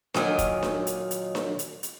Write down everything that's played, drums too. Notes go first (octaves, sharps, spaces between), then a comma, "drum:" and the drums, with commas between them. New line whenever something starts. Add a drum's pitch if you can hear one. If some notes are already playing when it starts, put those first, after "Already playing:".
A#2 D#3 F#3 G#5, drum: snare D4
drum: kick F1, hi-hat
drum: snare D4
drum: hi-hat
drum: hi-hat
drum: snare D4
drum: hi-hat
drum: hi-hat